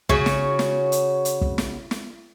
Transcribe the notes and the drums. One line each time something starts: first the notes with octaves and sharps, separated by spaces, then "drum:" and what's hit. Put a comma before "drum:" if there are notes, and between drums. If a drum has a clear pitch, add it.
C#3 F#4 C#5, drum: kick
drum: snare
drum: snare
drum: hi-hat
drum: hi-hat
drum: kick
drum: snare
drum: snare